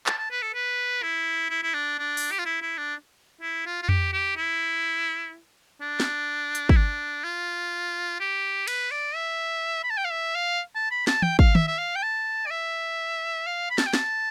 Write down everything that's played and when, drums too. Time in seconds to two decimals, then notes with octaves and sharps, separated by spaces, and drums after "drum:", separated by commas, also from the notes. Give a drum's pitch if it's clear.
0.06 A5, drum: clap
0.18 A5
0.31 B4
0.42 A4
0.54 B4
1.03 E4
1.50 E4
1.63 E4
1.74 D4
1.98 D4
2.17 drum: open hi-hat
2.31 G4
2.39 F4
2.45 E4
2.62 E4
2.78 D4
3.41 E4
3.66 F4
3.82 F4
3.89 G4, drum: tom F2
4.13 G4
4.37 E4
5.81 D4
6.00 drum: snare
6.55 drum: hi-hat
6.69 E4, drum: kick
6.76 D4
7.24 F4
8.20 G4
8.68 B4, drum: cymbal
8.91 D5
9.15 E5
9.83 B5
9.90 A5
9.97 G5
10.05 F5
10.11 E5
10.35 F5
10.75 A5
10.91 B5
11.07 A5, drum: snare
11.22 G5, drum: tom
11.39 F5, drum: kick
11.55 E5, drum: tom D#3
11.68 E5
11.78 F5
11.96 G5
12.02 A5
12.46 D5
12.51 E5
13.46 F5
13.70 B5
13.78 A5, drum: snare
13.86 G5
13.93 A5, drum: snare